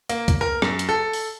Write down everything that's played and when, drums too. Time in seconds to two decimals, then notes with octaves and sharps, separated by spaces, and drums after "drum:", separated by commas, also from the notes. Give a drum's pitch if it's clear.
0.09 A#3, drum: hi-hat
0.28 drum: kick C#2, hi-hat
0.41 A#4
0.62 F#2, drum: rim click
0.79 drum: hi-hat
0.89 A4
1.13 drum: open hi-hat